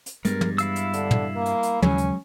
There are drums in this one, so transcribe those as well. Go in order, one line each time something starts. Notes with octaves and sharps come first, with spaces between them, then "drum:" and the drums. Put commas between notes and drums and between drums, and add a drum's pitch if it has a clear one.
drum: hi-hat
G2 G3 G#3 B3 A#4, drum: hi-hat
drum: tom
E4 F5 E6, drum: hi-hat
drum: hi-hat
D3, drum: hi-hat
drum: tom
A#3
drum: hi-hat
drum: hi-hat
D#2 C#3 F#3 G#3 C#4, drum: tom
drum: hi-hat